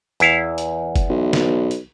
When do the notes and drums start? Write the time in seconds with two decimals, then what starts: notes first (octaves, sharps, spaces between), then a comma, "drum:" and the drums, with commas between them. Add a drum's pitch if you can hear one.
0.20 E2 E4 F5, drum: hi-hat
0.58 drum: hi-hat
0.96 drum: kick F#1, hi-hat
1.09 B1
1.33 drum: snare
1.71 drum: hi-hat